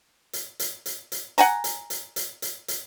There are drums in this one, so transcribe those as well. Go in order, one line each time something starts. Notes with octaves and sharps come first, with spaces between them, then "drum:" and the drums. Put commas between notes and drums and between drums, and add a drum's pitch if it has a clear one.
drum: hi-hat
drum: hi-hat
drum: hi-hat
drum: hi-hat
F#5 G#5 A#5, drum: hi-hat
drum: hi-hat
drum: hi-hat
drum: hi-hat
drum: hi-hat
drum: hi-hat